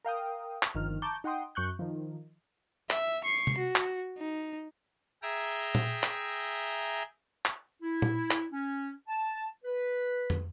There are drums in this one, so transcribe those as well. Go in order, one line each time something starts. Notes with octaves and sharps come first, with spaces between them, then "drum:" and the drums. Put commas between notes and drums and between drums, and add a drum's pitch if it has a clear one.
A#4 F5 G5 D#6
drum: clap
G1 D#3 F3 F6
A5 A#5 C#6 D6 G6
D#4 F#5 G5 C6 D#6
F#2 C#6 F#6 G6
D#3 F3
E5, drum: clap
C#6 C7
drum: tom C3
F#4
drum: clap
D#4
G#4 E5 G5 A#5
drum: tom A#2
drum: clap
drum: clap
E4
drum: tom A#2
drum: clap
C#4
A5
B4
drum: tom